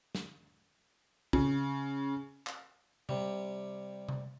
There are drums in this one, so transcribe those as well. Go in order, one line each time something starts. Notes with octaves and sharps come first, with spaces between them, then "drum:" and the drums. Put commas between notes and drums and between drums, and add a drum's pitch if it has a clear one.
drum: snare
C#3, drum: kick
drum: clap
C3 G3, drum: tom C3
drum: tom C3